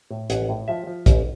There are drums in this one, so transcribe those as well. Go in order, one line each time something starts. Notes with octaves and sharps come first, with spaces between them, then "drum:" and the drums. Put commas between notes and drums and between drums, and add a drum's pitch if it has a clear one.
A2
A1 F#5, drum: hi-hat
A2
F3 E5
F3
A1, drum: kick, hi-hat